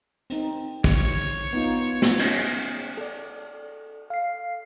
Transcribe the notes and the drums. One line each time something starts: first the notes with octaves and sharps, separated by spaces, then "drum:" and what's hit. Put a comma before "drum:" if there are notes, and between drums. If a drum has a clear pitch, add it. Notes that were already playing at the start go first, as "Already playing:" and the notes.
C4 D#4, drum: hi-hat
C#5, drum: kick
B3 D#4 F4
drum: snare
C#4, drum: cymbal
A4 D5
F5 C7